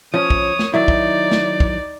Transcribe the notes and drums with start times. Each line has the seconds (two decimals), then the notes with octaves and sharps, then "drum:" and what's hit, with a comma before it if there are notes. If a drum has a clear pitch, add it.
0.14 F3 C#4 C#5 D#6
0.30 drum: kick
0.59 drum: snare
0.74 D#3 F#3 D#4 E4 D5
0.88 drum: kick
1.31 drum: snare
1.60 drum: kick